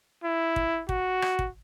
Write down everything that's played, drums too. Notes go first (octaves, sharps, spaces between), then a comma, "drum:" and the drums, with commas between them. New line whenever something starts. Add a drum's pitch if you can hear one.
E4
drum: kick
F#4, drum: kick
drum: rim click
drum: kick